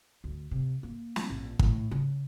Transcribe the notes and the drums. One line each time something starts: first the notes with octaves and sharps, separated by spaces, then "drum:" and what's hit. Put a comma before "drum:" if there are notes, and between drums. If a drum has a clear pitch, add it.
D2
C3
A#3
drum: snare
A#1
A2, drum: kick
C#3